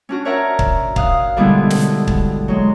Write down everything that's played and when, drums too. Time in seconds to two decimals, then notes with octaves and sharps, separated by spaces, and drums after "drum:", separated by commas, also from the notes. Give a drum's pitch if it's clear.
0.09 C#4 D4 F#4
0.25 A#4 C#5 D5 E5 F#5 A#5
0.59 drum: kick
0.96 F5 D#6 F#6, drum: kick
1.36 B2 D3 G3 G#3 B3 E4
1.70 drum: snare
2.08 drum: kick
2.48 F#3 G#3